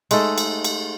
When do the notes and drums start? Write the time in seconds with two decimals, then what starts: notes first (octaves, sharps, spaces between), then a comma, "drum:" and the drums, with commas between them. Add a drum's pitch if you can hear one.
0.11 G#3 A3 D#4 A4, drum: cymbal
0.38 drum: cymbal
0.64 drum: cymbal